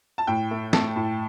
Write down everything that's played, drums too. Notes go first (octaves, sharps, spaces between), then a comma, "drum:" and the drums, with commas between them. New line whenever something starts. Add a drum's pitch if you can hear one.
A5
A2 G5
A3
A3 A5, drum: snare
A2